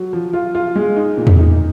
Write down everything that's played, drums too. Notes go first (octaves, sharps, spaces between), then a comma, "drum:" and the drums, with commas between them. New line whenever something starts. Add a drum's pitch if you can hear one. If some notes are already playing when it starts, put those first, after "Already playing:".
Already playing: F#3
F3
F4
F4
G#3
D#4
A#2
drum: tom E2
D#4